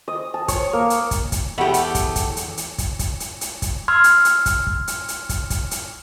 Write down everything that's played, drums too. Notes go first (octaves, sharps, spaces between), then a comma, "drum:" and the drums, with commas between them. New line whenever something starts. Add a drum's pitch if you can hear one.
D#5
A5
C#5, drum: kick, hi-hat
A#3
drum: hi-hat
drum: kick, hi-hat
drum: kick, hi-hat
E2 A3 G4 F#5 B5
drum: hi-hat
drum: kick, hi-hat
drum: kick, hi-hat
drum: hi-hat
drum: hi-hat
drum: kick, hi-hat
drum: kick, hi-hat
drum: hi-hat
drum: hi-hat
drum: kick, hi-hat
C6 E6 F6 G#6
drum: hi-hat
drum: hi-hat
drum: kick, hi-hat
drum: kick
drum: hi-hat
drum: hi-hat
drum: kick, hi-hat
drum: kick, hi-hat
drum: hi-hat